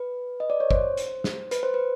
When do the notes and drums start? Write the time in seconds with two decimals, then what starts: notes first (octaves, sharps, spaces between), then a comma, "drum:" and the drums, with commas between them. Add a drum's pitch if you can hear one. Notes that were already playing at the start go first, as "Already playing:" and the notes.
Already playing: B4
0.40 D#5
0.50 D5
0.60 C#5
0.71 C5, drum: kick G1
0.97 drum: hi-hat
1.24 drum: snare
1.51 B4, drum: hi-hat
1.63 C5
1.74 B4